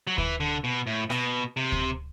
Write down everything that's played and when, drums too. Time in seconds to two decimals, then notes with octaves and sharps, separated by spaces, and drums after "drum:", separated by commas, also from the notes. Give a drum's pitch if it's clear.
0.07 F#3
0.18 E3, drum: kick D2
0.40 D3
0.64 B2
0.87 A2
1.10 B2, drum: rim click
1.57 C3
1.72 drum: kick D2